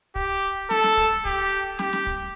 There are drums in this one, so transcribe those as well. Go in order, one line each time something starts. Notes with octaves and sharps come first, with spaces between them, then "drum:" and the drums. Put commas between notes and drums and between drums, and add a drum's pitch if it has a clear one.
G4, drum: kick
A4, drum: snare
drum: snare
drum: kick
G4, drum: kick
G4, drum: snare
drum: snare
drum: kick